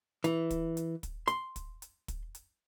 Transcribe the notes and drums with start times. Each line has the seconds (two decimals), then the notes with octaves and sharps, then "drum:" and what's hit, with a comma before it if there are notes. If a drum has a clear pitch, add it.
0.24 E3, drum: hi-hat
0.50 drum: kick, hi-hat
0.77 drum: hi-hat
1.03 drum: kick, hi-hat
1.28 C6, drum: hi-hat
1.56 drum: kick, hi-hat
1.82 drum: hi-hat
2.08 drum: kick, hi-hat
2.35 drum: hi-hat